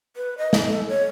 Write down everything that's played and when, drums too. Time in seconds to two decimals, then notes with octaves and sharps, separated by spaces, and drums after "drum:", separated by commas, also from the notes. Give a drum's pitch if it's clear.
0.16 B4
0.38 D#5
0.53 drum: snare
0.68 A4
0.89 C#5